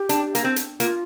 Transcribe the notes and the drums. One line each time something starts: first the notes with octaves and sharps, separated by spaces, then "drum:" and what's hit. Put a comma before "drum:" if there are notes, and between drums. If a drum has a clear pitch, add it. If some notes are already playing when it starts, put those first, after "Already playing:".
Already playing: G4
D4, drum: hi-hat
A#3, drum: hi-hat
C4
drum: hi-hat
A#3 F4, drum: hi-hat